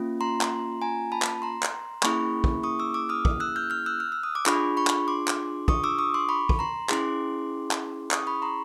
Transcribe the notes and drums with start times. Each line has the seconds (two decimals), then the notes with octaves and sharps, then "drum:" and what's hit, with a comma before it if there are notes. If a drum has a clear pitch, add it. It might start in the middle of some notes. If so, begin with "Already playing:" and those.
Already playing: A#3 C#4 F4
0.21 A#5 C6
0.41 drum: clap
0.82 G#5 A#5
1.12 A5 B5
1.22 drum: clap
1.42 A#5 C6
1.63 drum: clap
2.03 A#3 C#4 E4 G#4 B5 C#6, drum: clap
2.44 drum: kick
2.63 C#6 D#6
2.79 D6 E6
2.94 D6 E6
3.09 D#6 F6
3.25 drum: kick
3.40 E6 F#6
3.56 F6 G6
3.70 F6 G6
3.86 E6 F#6
4.00 F6
4.12 E6
4.23 D#6
4.35 D6
4.46 D4 F4 G#4 B5 C#6, drum: clap
4.77 B5 C#6
4.87 drum: clap
5.08 C6 D6
5.28 drum: clap
5.68 C#6 D#6, drum: kick
5.84 D6 E6
5.98 C#6 D#6
6.14 C6 D6
6.29 B5 C#6
6.49 drum: kick
6.59 A#5 C6
6.89 C#4 E4 G#4 C6 D6, drum: clap
7.71 drum: clap
8.11 C#6 D#6, drum: clap
8.27 B5 C#6
8.42 A#5 C6